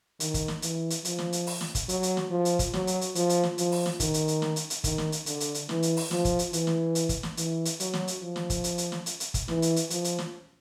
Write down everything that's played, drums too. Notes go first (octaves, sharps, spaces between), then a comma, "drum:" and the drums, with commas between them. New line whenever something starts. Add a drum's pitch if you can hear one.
D#3, drum: hi-hat
drum: kick, hi-hat
drum: snare
E3, drum: hi-hat
drum: hi-hat
F3, drum: hi-hat
drum: snare
drum: hi-hat
drum: open hi-hat
drum: snare
drum: kick, hi-hat
F#3, drum: hi-hat
drum: hi-hat
drum: snare
F3
drum: hi-hat
drum: kick, hi-hat
F#3, drum: snare
drum: hi-hat
drum: hi-hat
F3, drum: hi-hat
drum: hi-hat
drum: snare
F3, drum: hi-hat
drum: open hi-hat
drum: snare
D#3, drum: kick, hi-hat
drum: hi-hat
drum: hi-hat
drum: snare
drum: hi-hat
drum: hi-hat
D#3, drum: kick, hi-hat
drum: snare
drum: hi-hat
D3, drum: hi-hat
drum: hi-hat
drum: hi-hat
E3, drum: snare
drum: hi-hat
drum: open hi-hat
F3, drum: snare
drum: kick, hi-hat
drum: hi-hat
E3, drum: hi-hat
drum: snare
drum: hi-hat
drum: kick, hi-hat
drum: snare
E3, drum: hi-hat
drum: hi-hat
F#3, drum: hi-hat
drum: snare
drum: hi-hat
F3
drum: snare
drum: kick, hi-hat
drum: hi-hat
drum: hi-hat
drum: snare
drum: hi-hat
drum: hi-hat
drum: kick, hi-hat
E3, drum: snare
drum: hi-hat
drum: hi-hat
F3, drum: hi-hat
drum: hi-hat
drum: snare